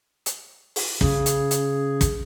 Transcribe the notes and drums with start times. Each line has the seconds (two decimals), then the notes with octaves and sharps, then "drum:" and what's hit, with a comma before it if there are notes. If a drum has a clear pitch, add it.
0.26 drum: hi-hat
0.76 drum: open hi-hat
1.01 C#3 G#4, drum: kick
1.26 drum: hi-hat
1.51 drum: hi-hat
2.01 drum: kick, hi-hat